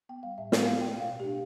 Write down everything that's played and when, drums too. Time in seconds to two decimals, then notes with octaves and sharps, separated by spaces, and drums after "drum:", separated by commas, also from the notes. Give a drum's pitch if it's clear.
0.09 B3 G5
0.23 G3 F5
0.38 A2 E5
0.52 A2 F5, drum: snare
0.66 B3 F5
0.81 A3 G5
0.96 B2 F5
1.09 B2
1.20 D4 G4